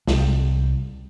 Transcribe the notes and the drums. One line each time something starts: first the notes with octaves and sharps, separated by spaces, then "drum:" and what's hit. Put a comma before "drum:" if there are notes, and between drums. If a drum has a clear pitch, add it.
C2 G3, drum: snare